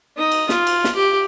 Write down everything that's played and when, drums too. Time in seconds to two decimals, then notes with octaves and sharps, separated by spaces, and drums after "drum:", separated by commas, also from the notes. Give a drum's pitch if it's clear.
0.17 D#4 D#6
0.32 drum: cymbal
0.49 F4, drum: snare
0.67 drum: cymbal
0.84 drum: snare
0.95 G4